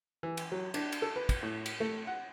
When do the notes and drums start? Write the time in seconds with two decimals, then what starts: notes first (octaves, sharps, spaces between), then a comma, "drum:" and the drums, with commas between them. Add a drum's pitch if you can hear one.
0.23 E3
0.37 drum: cymbal
0.52 F#3
0.74 D4, drum: cymbal
0.92 drum: cymbal
1.02 A4
1.16 B4
1.29 drum: kick, cymbal
1.43 A2
1.66 drum: cymbal
1.80 A3
2.07 F#5